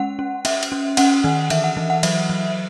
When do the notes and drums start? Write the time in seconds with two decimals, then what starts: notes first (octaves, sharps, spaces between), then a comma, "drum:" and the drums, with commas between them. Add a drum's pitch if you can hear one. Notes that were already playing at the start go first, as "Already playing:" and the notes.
Already playing: G#3 C#4 F#5
0.19 C#4
0.45 C#4 E5, drum: cymbal
0.63 drum: cymbal
0.72 C#4
0.97 C#4 F#5, drum: cymbal
1.24 D#3
1.50 E3 E5, drum: cymbal
1.64 F#5
1.77 E3
1.90 F#5
2.03 F#3 E5, drum: cymbal
2.30 F#3